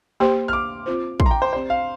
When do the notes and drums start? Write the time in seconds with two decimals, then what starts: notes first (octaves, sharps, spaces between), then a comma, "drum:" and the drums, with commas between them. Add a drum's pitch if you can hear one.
0.20 A#3 G4 C5 C6
0.48 F6
0.53 D6
0.86 C4 F4 C5
1.20 C6, drum: kick
1.26 A#5
1.31 G5
1.42 C5
1.52 C4 G4 C5 D5
1.70 F5